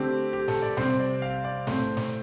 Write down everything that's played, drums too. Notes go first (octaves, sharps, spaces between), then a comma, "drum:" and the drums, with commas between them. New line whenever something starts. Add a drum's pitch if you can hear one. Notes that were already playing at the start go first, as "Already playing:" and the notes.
Already playing: D3 A3 C4 G4
G4
A4, drum: snare
D5
C3 G3 C4 C5, drum: snare
D5
F5
D5
A2 A3 C4 C5, drum: snare
drum: snare